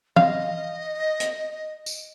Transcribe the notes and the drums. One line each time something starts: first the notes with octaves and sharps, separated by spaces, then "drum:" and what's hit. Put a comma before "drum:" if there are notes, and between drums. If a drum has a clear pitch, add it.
D#5 F5, drum: tom E3
drum: hi-hat
drum: tambourine